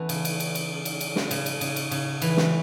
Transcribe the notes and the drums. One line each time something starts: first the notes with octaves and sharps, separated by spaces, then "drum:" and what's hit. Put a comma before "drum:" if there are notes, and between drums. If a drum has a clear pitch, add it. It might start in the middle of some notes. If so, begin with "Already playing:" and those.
Already playing: E3 A3 B3 C#4
C#3, drum: cymbal
drum: cymbal
drum: cymbal
drum: cymbal
drum: cymbal
drum: cymbal
drum: snare
C#3, drum: cymbal
drum: cymbal
C#3, drum: cymbal
drum: cymbal
C#3, drum: cymbal
E3, drum: cymbal
drum: snare